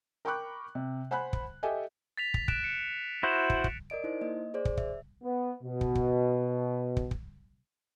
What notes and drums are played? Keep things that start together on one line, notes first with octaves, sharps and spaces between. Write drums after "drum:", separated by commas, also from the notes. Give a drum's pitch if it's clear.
A#4 G5 B5 C#6 D6 F#6
C3
C5 F#5 G#5 B5 F#6
drum: kick
G4 A4 D#5 E5 G#5
A6 B6 F7
drum: kick
F#6 D7 E7, drum: kick
C#7
E4 F#4 C5 A#6 E7
drum: kick
drum: kick
A#4 D5 D#5 D7
D#4 E4 C5
A#3 D#5
G#4 C5 D5
drum: kick
E5, drum: kick
B3
B2
drum: kick
drum: kick
drum: kick
drum: kick